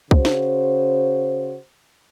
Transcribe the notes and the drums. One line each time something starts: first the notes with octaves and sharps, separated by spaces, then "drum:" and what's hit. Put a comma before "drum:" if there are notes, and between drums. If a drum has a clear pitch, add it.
C#3 F#4 C5, drum: kick C2
drum: snare